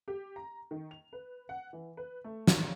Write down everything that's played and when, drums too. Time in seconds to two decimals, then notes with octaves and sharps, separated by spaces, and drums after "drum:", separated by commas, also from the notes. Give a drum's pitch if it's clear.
0.08 G4
0.36 A#5
0.71 D#3
0.91 F7
1.13 B4
1.49 F#5
1.73 E3
1.97 B4
2.24 A3
2.47 drum: snare